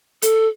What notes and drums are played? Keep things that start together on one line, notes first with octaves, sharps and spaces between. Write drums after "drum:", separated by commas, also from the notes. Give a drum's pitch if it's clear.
A4, drum: hi-hat